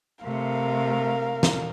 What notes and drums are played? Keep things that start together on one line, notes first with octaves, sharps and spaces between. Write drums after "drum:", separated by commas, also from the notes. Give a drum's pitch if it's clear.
C3 A3 A#4 F5
drum: snare